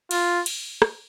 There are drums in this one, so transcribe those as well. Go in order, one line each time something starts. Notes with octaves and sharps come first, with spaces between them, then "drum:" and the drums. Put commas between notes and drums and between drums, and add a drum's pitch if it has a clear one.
F4, drum: cymbal
drum: cymbal
drum: rim click